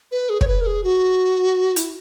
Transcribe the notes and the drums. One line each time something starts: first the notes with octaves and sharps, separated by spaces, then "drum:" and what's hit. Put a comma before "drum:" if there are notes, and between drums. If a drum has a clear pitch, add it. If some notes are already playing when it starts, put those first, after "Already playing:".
B4
G#4
C#5, drum: kick
B4
A#4
G#4
F#4
E4, drum: hi-hat